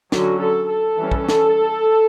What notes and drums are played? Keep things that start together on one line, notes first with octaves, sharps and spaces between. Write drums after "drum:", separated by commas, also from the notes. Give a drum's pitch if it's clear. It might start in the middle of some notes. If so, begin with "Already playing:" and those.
D3 F#3 C#4 F#4, drum: snare
A4
A4
E3 G3 C#4
drum: kick
drum: snare